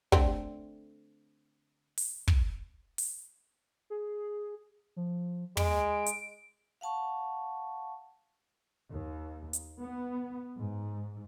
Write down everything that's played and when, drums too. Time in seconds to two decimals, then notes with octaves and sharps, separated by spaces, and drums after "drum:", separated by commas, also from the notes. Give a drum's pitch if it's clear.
0.12 D3 A3 C4, drum: kick
1.98 drum: open hi-hat
2.28 drum: kick
2.98 drum: open hi-hat
3.90 G#4
4.96 F3
5.57 G#3 D7, drum: tom
6.06 drum: hi-hat
6.81 F5 F#5 A5 C#6
8.90 D#2
9.53 drum: hi-hat
9.80 B3
10.57 G#2